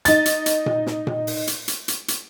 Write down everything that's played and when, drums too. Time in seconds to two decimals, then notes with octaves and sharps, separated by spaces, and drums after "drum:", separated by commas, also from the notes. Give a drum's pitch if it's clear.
0.05 D#4 A6, drum: hi-hat
0.26 drum: hi-hat
0.46 drum: hi-hat
0.66 drum: tom A#2
0.86 drum: snare
1.07 drum: tom A#2
1.27 drum: open hi-hat
1.47 drum: hi-hat
1.68 drum: hi-hat
1.88 drum: hi-hat
2.08 drum: hi-hat